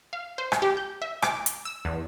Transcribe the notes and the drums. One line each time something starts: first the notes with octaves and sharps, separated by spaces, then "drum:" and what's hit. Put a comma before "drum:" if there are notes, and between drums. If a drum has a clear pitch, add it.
F5
C5
drum: rim click
G4
G6
E5
D6, drum: rim click
drum: hi-hat
E6
E2